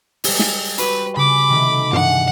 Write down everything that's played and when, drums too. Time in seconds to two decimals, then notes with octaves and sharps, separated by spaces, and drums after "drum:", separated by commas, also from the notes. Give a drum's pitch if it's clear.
0.24 G3 G#3, drum: open hi-hat
0.39 drum: snare
0.78 F#4 G4 B4, drum: hi-hat
1.16 C#3 B5 D6
1.49 C3 D#3 A3
1.93 G2 E3 G#3 F#5, drum: tom G2